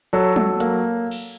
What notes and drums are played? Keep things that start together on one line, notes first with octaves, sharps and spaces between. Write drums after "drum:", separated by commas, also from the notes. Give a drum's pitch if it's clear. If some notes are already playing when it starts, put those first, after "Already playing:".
F#3 A4
F#3, drum: tom
A#3, drum: hi-hat
drum: cymbal